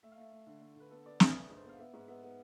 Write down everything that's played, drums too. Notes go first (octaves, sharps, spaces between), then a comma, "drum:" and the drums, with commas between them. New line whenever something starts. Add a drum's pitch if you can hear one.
A3 E5
F5
A3 E5
A3
D3
A3
D3 B4
B3 A4
B3 D5
D4 E5, drum: snare
D4
G#2
C5
B3 F5
B3 E5
G#2
B3 E5
B3